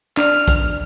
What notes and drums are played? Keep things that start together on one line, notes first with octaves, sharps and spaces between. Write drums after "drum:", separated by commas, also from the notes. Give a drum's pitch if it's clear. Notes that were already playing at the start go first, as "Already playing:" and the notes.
D4 F6, drum: clap
drum: kick, hi-hat